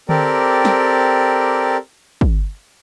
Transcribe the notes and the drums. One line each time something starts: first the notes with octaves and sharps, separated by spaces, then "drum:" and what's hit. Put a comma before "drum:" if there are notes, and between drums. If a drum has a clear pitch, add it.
C4 G4 A4 A#4 D5, drum: tom D3
drum: snare
drum: kick